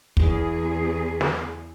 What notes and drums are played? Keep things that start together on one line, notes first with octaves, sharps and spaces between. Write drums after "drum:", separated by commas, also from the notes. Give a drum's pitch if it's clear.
E2 G#4, drum: kick
drum: snare